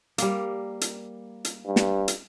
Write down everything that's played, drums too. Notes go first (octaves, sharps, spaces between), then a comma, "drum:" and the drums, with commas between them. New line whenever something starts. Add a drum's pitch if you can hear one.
G3 A#3, drum: hi-hat
drum: hi-hat
drum: hi-hat
G2
drum: snare
drum: hi-hat